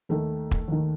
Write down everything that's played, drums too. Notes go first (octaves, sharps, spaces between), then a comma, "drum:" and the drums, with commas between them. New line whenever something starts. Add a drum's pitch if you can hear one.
D#2 D#3 A3
drum: kick
D#2 D#3